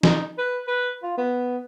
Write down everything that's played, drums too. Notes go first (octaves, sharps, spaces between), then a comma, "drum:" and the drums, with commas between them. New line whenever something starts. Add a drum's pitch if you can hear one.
D#4, drum: snare
B4
B4
F4
B3